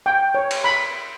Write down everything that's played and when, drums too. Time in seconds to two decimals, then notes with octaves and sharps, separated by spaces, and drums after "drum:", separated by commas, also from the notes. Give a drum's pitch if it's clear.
0.06 G5
0.35 C#5
0.51 drum: cymbal
0.64 B5